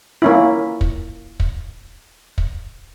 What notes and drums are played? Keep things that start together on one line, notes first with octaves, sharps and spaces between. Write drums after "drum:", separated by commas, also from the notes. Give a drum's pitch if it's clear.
A#3 C#4 E4
drum: kick
drum: kick
drum: kick